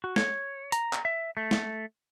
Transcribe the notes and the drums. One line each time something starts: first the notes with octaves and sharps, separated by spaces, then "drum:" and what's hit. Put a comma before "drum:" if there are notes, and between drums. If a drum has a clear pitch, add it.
F#4
C#5, drum: snare
A#5, drum: hi-hat
drum: clap
E5
A3
drum: snare